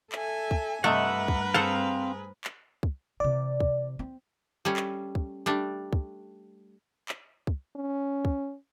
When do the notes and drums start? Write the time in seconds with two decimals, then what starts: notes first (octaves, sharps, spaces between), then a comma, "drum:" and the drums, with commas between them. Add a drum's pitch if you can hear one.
0.12 A4 E5 G#5, drum: clap
0.51 drum: kick
0.84 G2 C3 A3 A#4 B4 D#5 E5 F#5
1.28 drum: kick
1.54 C4 G#4 A4 C5 F5 F#5
2.44 drum: clap
2.83 drum: kick
3.20 C3 E3 D5
3.60 drum: kick
3.99 C4
4.65 G3 A3 C#4
4.76 drum: clap
5.15 drum: kick
5.46 G3 A3 D4
5.93 drum: kick
7.09 drum: clap
7.47 drum: kick
7.76 C#4
8.25 drum: kick